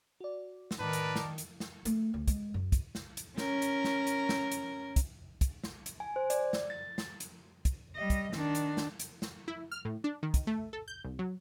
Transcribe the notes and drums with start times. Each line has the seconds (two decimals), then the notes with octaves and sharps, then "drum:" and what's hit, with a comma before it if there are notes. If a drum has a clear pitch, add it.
0.21 F#4 D5
0.71 drum: snare
0.80 A2 D#3 A#4 B4 D5 A5
0.93 drum: hi-hat
1.16 drum: snare
1.38 drum: hi-hat
1.60 drum: snare
1.85 A3, drum: hi-hat
2.14 D2
2.28 G#3, drum: kick, hi-hat
2.54 F#2
2.72 drum: kick, hi-hat
2.95 drum: snare
3.17 drum: hi-hat
3.38 C#4 A#4, drum: snare
3.62 drum: hi-hat
3.84 drum: snare
4.07 drum: hi-hat
4.29 drum: snare
4.52 drum: hi-hat
4.96 drum: kick, hi-hat
5.41 drum: kick, hi-hat
5.64 drum: snare
5.86 drum: hi-hat
6.00 G#5
6.16 C5
6.30 D5, drum: hi-hat
6.53 drum: snare
6.70 A6
6.98 drum: snare
7.20 drum: hi-hat
7.65 drum: kick, hi-hat
7.96 G3 D#5
8.10 drum: kick, hi-hat
8.33 D#3 D4, drum: snare
8.55 drum: hi-hat
8.77 drum: snare
9.00 drum: hi-hat
9.22 drum: snare
9.48 E4
9.71 F6
9.85 A2
10.04 D4
10.23 D#3
10.34 drum: kick, hi-hat
10.47 A3
10.73 A4
10.88 G6
11.04 C2
11.19 F#3